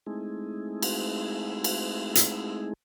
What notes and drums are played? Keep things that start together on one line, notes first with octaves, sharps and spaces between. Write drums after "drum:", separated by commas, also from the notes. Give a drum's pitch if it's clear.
G#3 A3 C4 D#4 E4 G#4
drum: cymbal
drum: cymbal
drum: hi-hat